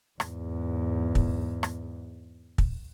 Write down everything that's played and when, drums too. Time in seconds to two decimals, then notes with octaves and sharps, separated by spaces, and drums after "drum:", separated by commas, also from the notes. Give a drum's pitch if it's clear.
0.20 E2 G#2, drum: rim click
1.15 drum: kick
1.63 drum: rim click
2.58 drum: kick